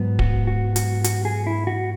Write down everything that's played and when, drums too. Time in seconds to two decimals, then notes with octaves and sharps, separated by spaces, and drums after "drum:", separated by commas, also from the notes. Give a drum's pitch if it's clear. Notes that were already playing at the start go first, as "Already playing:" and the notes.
Already playing: G#2 F#3 B3
0.19 F#4, drum: kick D1
0.47 F#4
0.76 F#4, drum: hi-hat
1.04 F#4, drum: hi-hat
1.25 G#4
1.47 E4
1.67 F#4